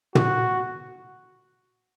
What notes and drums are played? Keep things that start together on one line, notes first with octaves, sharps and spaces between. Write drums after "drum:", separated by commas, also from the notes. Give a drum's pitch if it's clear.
F#4, drum: tom